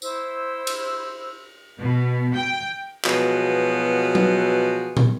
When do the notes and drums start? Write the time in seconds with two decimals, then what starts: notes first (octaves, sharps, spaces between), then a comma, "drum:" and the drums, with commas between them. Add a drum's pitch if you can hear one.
0.02 E4 C5 E6, drum: tambourine
0.67 drum: cymbal
1.79 B2
2.34 G5
3.05 B2 F3 F#3 G#3 B3, drum: clap
4.15 drum: tom F#3
4.97 drum: tom